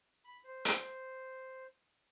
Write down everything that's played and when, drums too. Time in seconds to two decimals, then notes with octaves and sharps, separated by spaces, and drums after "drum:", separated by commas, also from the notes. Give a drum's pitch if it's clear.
0.25 B5
0.44 C5
0.65 drum: hi-hat